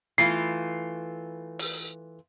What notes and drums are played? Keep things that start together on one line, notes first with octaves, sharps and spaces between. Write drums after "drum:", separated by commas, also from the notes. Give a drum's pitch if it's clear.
E3 A3 F4 C7
drum: open hi-hat